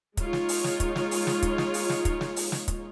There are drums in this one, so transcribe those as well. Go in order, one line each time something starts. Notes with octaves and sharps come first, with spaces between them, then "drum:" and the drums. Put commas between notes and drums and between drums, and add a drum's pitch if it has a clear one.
G#3 D#4 F4 C#5, drum: kick, hi-hat
drum: snare
drum: open hi-hat
drum: snare
drum: kick, hi-hat
drum: snare
drum: open hi-hat
drum: snare
drum: kick, hi-hat
drum: snare
drum: open hi-hat
drum: snare
drum: kick, hi-hat
drum: snare
drum: open hi-hat
drum: snare
drum: kick, hi-hat